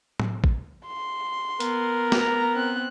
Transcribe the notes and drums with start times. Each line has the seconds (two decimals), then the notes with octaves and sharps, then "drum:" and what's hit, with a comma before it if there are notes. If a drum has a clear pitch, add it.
0.20 drum: tom A2
0.44 drum: kick
0.86 C6
1.60 B3 A#4, drum: hi-hat
2.12 A#5, drum: snare
2.54 C4 F#6